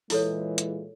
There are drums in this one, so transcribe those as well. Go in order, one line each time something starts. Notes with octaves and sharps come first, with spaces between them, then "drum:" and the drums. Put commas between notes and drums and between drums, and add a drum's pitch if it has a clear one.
A#2 E3 G#3 E4 A4 C#5, drum: open hi-hat
drum: hi-hat